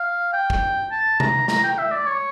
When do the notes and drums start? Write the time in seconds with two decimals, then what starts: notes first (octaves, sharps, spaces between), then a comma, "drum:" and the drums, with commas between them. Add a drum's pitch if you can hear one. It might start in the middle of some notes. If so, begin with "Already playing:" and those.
Already playing: F5
0.33 G5
0.50 drum: kick
0.91 A5
1.20 A#5, drum: tom C3
1.48 A#5, drum: snare
1.64 G5
1.78 E5
1.91 D5
2.07 C#5